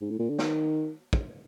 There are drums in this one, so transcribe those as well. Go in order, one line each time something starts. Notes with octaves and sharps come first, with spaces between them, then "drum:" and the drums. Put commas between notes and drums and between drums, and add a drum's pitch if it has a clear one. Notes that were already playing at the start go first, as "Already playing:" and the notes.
G#2
A2
A#2
D3
D#3, drum: snare
drum: kick